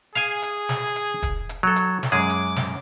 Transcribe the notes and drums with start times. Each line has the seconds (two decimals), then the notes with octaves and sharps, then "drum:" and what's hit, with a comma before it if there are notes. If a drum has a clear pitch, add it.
0.15 G#4 F5 G#5, drum: hi-hat
0.42 drum: hi-hat
0.69 drum: snare
0.96 drum: hi-hat
1.23 drum: kick, hi-hat
1.49 drum: hi-hat
1.63 F#3 A4
1.76 drum: hi-hat
2.03 drum: snare
2.12 F#2 G#3 G#4 D6
2.30 drum: hi-hat
2.56 drum: snare